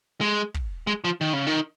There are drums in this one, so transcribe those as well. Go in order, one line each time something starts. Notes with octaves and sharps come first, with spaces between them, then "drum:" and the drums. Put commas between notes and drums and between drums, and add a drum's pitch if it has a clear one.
G#3
drum: kick
G#3
F3
D#3
C#3
D#3